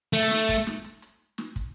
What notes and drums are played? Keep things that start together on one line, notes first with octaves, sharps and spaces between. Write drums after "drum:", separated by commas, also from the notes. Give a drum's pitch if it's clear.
A3, drum: hi-hat
drum: snare
drum: kick, hi-hat
drum: snare
drum: hi-hat
drum: hi-hat
drum: snare
drum: kick, hi-hat